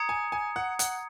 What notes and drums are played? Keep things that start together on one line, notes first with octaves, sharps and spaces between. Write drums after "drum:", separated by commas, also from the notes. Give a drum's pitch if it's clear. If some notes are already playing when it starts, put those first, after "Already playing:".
Already playing: A#5 D#6 G#6 C#7
G#5
G#5
F#5
F#5, drum: hi-hat